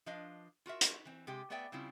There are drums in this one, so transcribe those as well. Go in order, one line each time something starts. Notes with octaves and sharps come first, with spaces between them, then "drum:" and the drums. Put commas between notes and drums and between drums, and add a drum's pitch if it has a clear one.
F3 D4 B4 D#5 F5
F4 F#4 A#4 E5
drum: hi-hat
E3 C4
C3 G#3 G4
A3 B3 G#4 D5 E5 G5
C#3 G3 C4 E4 F4